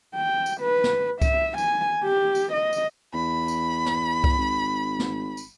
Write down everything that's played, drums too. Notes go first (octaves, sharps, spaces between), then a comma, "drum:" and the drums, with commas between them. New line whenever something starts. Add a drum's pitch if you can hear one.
G5
drum: tambourine
B4
drum: snare
E5, drum: kick C2, tambourine
G#5, drum: tambourine
G4
drum: tambourine
D#5
drum: tambourine
E2 B5
drum: tambourine
drum: snare
drum: kick C2
G#1
drum: snare
drum: tambourine